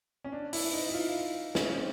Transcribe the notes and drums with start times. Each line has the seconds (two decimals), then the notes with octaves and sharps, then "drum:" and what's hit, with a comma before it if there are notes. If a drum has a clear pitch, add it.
0.24 C#4
0.32 D4
0.53 E4, drum: open hi-hat
0.73 D#4
0.89 E4
0.94 F4
1.55 C#4, drum: snare
1.71 C4